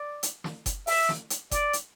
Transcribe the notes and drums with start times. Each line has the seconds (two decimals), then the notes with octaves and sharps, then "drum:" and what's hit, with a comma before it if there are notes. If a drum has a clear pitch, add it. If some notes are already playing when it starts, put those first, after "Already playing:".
Already playing: D5
0.23 drum: hi-hat
0.44 drum: snare
0.66 drum: kick F#1, hi-hat
0.87 E5, drum: open hi-hat
1.09 drum: snare
1.30 drum: hi-hat
1.51 D5, drum: kick F#1, hi-hat
1.73 drum: hi-hat